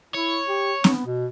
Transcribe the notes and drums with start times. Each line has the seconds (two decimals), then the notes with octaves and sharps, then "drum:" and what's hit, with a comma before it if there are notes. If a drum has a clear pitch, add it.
0.14 E4 C#5
0.48 G4
0.84 B3, drum: snare C4
1.06 B2